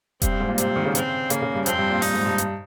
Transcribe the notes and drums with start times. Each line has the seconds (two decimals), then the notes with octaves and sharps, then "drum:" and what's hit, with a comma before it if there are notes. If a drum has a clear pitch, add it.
0.22 G2 C4, drum: kick E1, hi-hat
0.32 G2
0.40 G#2
0.49 A#2
0.58 C3 C4, drum: hi-hat
0.76 D#3
0.85 C#3
0.95 C4, drum: hi-hat
1.30 C#3 A#3, drum: hi-hat
1.42 C#3
1.54 G2
1.66 F2 C4, drum: hi-hat
1.78 G2
1.90 A#2
2.02 A#2 D#4, drum: open hi-hat
2.14 G#2
2.26 G2
2.38 drum: hi-hat